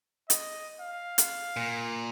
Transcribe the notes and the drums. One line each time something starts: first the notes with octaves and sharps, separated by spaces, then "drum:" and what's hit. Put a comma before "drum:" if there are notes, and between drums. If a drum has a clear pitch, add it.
D#5, drum: hi-hat
F5
drum: hi-hat
A#2